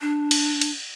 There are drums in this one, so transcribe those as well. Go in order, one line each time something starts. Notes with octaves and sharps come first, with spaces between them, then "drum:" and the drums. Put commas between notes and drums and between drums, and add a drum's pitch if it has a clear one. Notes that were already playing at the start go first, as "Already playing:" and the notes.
D4
drum: cymbal
drum: cymbal